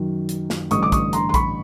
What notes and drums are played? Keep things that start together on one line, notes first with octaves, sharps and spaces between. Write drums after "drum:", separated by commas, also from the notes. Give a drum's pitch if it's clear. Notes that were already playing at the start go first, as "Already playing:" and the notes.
Already playing: F#2 D#3 F#3
drum: hi-hat
drum: snare
A1 G2 D3 C#6 D#6, drum: hi-hat
D6
C#6 D#6, drum: kick A#1, hi-hat
A#5 C6, drum: hi-hat
C6
B5 C#6, drum: kick A#1, hi-hat